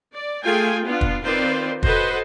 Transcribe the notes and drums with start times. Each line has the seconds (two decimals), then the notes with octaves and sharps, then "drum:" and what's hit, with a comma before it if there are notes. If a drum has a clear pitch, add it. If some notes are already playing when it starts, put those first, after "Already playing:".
0.12 D5
0.43 A3 F4 G#4 G5 G#5
0.85 B3 D4 F4
1.01 drum: kick
1.24 D#3 C4 F4 B4 C5 D5
1.83 F#4 A4 B4 C5 D#5 F#5, drum: kick